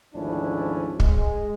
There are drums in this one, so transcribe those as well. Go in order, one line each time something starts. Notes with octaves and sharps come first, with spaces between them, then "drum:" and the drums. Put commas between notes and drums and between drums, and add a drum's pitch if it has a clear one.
G#1 D2 F3 C#4 D4 E4
G#3, drum: kick